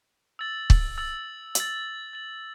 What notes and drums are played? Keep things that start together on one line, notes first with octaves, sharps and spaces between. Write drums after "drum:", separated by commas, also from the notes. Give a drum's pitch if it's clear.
E6 A6 F#7
drum: kick
E6 A6 F#7
A6 F#7, drum: hi-hat
A6 F#7